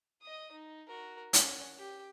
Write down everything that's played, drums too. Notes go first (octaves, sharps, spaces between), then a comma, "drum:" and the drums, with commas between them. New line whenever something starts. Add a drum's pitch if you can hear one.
D#5 D#6
D#4
F#4 A#4
C#4 F#5, drum: hi-hat
G4